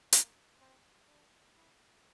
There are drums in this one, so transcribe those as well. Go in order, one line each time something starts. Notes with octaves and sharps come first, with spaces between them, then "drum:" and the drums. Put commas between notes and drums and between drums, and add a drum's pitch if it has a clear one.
A#3, drum: hi-hat
C4
D4
E4